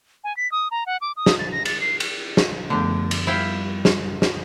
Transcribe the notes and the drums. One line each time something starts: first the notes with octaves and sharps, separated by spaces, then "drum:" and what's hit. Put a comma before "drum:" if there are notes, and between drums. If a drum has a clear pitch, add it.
G#5
B6
D#6
A#5
F#5
D6
D#6
drum: snare
A6
A#6
A6, drum: cymbal
C7
drum: cymbal
drum: snare
F#2 D3 F3 A3 B3 G4
drum: cymbal
G3 E4 F5 G5
drum: snare
drum: snare